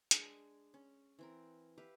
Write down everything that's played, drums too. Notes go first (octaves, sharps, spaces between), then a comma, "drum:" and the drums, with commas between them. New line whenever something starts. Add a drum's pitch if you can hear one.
G#3 D4 G#4, drum: hi-hat
C#4
E3 C4 A#4
G4 B4 E5 F5